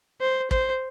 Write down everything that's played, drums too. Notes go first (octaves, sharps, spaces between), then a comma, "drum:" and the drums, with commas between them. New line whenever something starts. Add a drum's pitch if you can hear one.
C5
C5, drum: kick